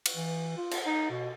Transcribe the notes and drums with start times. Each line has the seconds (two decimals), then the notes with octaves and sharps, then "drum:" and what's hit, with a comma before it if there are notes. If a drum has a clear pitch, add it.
0.06 drum: cymbal
0.16 E3
0.57 F4
0.71 drum: cymbal
0.86 D#4
1.10 B2